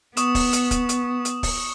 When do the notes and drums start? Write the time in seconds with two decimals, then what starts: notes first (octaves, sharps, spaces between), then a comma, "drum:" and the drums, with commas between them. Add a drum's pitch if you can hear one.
0.17 B3 C#6 D#6 E7, drum: hi-hat
0.35 drum: kick, open hi-hat
0.53 drum: hi-hat
0.71 drum: kick, hi-hat
0.89 drum: hi-hat
1.25 drum: hi-hat
1.43 drum: kick, open hi-hat